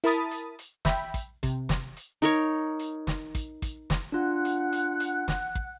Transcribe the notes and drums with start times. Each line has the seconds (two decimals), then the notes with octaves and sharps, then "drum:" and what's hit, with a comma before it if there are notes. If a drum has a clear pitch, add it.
0.04 E4 A#4 A5 B5 D#6 A6, drum: hi-hat
0.31 drum: hi-hat
0.59 drum: hi-hat
0.85 E5 G5 B5, drum: snare
1.14 drum: kick, hi-hat
1.43 C3, drum: kick, hi-hat
1.69 drum: snare
1.97 drum: hi-hat
2.22 D#4 A#4 C#5, drum: hi-hat
2.80 drum: hi-hat
3.07 drum: snare
3.35 drum: kick, hi-hat
3.62 drum: kick, hi-hat
3.90 drum: snare
4.12 D4 F4 F#5 F#6
4.45 drum: hi-hat
4.73 drum: hi-hat
5.00 drum: hi-hat
5.28 drum: snare
5.55 drum: kick